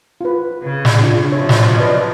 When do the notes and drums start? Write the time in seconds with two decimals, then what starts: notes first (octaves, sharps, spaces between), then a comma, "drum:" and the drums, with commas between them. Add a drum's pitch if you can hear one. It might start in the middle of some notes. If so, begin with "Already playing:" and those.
0.21 F4 B4
0.63 C#3
0.85 drum: snare
1.01 D4 F4
1.32 C3 F3 F#3 C#5
1.49 drum: snare
1.77 B4 D5 D#5